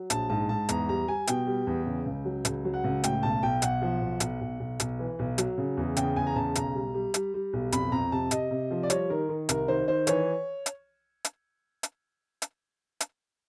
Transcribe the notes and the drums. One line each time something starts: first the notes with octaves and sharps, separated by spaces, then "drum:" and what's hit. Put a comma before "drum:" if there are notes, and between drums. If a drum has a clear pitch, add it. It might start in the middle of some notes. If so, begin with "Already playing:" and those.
Already playing: F#3
A#1 A5, drum: hi-hat
G#2 A5
G#2 A5
E2 A#5, drum: hi-hat
G3 A#5
G3 G#5
B2 G5, drum: hi-hat
G3
E2
C#3
C#2
F#3
C#2, drum: hi-hat
F#3
F#5
C#2
A2 G5, drum: hi-hat
B1 A5
B1 G5
B1 F#5, drum: hi-hat
F3
B1
B1, drum: hi-hat
B1
B1
B1, drum: hi-hat
E3
B1
F#3, drum: hi-hat
C#3
E2
C#3 G5, drum: hi-hat
E2 G#5
A#5
C#3 A5
B1 A#5, drum: hi-hat
G3
G3
G3, drum: hi-hat
G3
B1
F2 B5, drum: hi-hat
F2 A#5
C3 A5
C3 D#5, drum: hi-hat
C3
F3
D5
G3 C#5, drum: hi-hat
D#3 A#4
D#3
C2 A#4, drum: hi-hat
D#3 C5
D#3 C5
E3 C#5, drum: hi-hat
drum: hi-hat
drum: hi-hat
drum: hi-hat
drum: hi-hat
drum: hi-hat